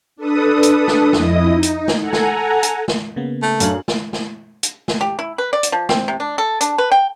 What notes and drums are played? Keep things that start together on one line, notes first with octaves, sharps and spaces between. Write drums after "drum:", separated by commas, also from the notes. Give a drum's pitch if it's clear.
D4 A4 B4 D#6
drum: hi-hat
drum: snare
F2 E4 D#5 D#6, drum: snare
D#4
drum: hi-hat
drum: snare
A4 F#5 G#5 A#5
drum: snare
drum: hi-hat
drum: snare
C#3 A#3 B3
A3
F#2 D4 A4 F5 G#5 F#7, drum: hi-hat
drum: snare
drum: snare
drum: hi-hat
drum: snare
G4
E4
B4
D5
drum: hi-hat
F3
C4, drum: snare
C3
D4
A4
D4, drum: hi-hat
B4
G5